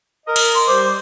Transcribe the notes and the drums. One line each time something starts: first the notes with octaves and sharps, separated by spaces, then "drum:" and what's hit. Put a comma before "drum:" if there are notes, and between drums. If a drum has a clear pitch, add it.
A#4 D#5
drum: cymbal
C6
G3 C5 D6